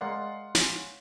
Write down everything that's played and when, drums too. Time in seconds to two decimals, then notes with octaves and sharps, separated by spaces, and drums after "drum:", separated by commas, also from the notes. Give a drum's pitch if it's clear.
0.01 G#3 A#4 D5 F5 F#5 C6
0.55 C#4, drum: snare